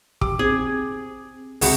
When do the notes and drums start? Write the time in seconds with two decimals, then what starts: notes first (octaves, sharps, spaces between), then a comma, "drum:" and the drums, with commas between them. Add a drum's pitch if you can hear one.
0.21 G4 D6, drum: kick
0.39 C4 G#4
1.61 C#2 C3 F#4 G#4 B5 C#7, drum: open hi-hat